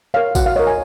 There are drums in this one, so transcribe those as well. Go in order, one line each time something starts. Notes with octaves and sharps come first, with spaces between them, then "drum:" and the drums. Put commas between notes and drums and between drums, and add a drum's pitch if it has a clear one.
A#4 C#5 F5
F#4 F#5, drum: kick A1, tambourine
F5
A#4 C#5 D#5
G#5